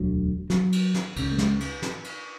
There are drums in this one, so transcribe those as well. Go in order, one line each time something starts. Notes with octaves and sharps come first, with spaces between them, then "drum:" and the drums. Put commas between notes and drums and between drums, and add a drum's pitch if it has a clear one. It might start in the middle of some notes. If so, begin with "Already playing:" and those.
Already playing: E1 D2 D3 F#3
F#3, drum: snare
drum: cymbal
drum: snare
C#2 C#3, drum: cymbal
A3
G#3, drum: snare
drum: cymbal
drum: snare
drum: cymbal